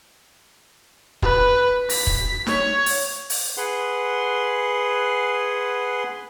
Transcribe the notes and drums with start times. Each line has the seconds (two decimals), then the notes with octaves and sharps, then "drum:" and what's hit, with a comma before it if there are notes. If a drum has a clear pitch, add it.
1.22 B4, drum: kick
1.89 B6, drum: open hi-hat
2.07 drum: kick
2.47 C#5, drum: snare
2.86 drum: open hi-hat
3.30 drum: open hi-hat
3.57 G#4 B4 F#5 C6